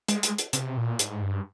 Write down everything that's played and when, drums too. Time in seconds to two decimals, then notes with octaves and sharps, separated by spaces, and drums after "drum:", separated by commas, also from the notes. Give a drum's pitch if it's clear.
0.08 G#3, drum: hi-hat
0.23 drum: hi-hat
0.38 drum: hi-hat
0.53 C3, drum: hi-hat
0.77 A#2
0.99 G#2, drum: hi-hat
1.22 G2